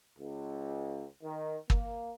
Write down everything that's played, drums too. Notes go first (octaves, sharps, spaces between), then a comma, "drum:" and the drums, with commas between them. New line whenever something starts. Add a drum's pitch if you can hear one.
C#2
D#3
A#3, drum: kick